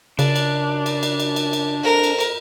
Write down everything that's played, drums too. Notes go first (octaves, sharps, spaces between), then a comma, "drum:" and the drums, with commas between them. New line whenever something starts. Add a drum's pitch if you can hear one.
F#2 C#3 D4, drum: cymbal
drum: cymbal
drum: cymbal
drum: cymbal
drum: cymbal
drum: cymbal
drum: cymbal
F2 A#4
drum: cymbal
drum: cymbal